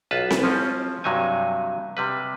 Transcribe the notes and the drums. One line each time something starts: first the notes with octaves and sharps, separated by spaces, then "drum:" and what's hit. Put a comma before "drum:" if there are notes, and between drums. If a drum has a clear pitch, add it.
B1 F4 B4 A5
drum: snare C4
F3 C4 C#4
G2 C3 F#3 D#4 G#5
C3 G3 B4